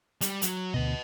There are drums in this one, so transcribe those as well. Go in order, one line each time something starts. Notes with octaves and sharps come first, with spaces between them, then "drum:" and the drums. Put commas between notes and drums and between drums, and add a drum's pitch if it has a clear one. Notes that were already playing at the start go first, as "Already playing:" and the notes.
G3, drum: hi-hat
F#3, drum: hi-hat
D2 B2 B4 D#5